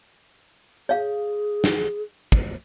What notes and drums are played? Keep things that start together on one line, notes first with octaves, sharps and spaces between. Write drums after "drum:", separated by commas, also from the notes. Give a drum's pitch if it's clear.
G#4 C#5 F5
drum: snare
drum: kick